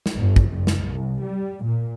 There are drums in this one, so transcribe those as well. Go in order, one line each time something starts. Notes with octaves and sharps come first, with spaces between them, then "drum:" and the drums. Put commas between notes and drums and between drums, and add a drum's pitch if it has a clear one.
drum: snare
G1
drum: kick
F#1
drum: snare
C2
G3
A#2